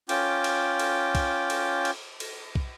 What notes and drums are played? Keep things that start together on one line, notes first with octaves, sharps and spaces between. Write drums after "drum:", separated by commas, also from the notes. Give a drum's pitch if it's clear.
C#4 F4 G5 D6, drum: cymbal
drum: cymbal
drum: cymbal
drum: kick, cymbal
drum: cymbal
drum: cymbal
drum: cymbal
drum: kick